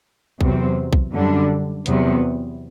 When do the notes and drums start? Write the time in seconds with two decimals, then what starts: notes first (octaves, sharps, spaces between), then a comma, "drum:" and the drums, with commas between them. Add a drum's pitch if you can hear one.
0.41 E2 C3 F#3 C4, drum: kick B1
0.93 drum: kick B1
1.13 F#2 D3 G3 D4
1.86 E2 C3 F#3 B3, drum: hi-hat